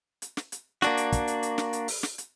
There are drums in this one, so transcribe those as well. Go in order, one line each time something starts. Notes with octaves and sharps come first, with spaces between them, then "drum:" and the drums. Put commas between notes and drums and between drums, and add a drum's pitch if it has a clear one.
drum: hi-hat
drum: snare
drum: hi-hat
A#3 D4 F#4, drum: snare
drum: hi-hat
drum: kick, hi-hat
drum: hi-hat
drum: hi-hat
drum: snare
drum: hi-hat
drum: open hi-hat
drum: snare
drum: hi-hat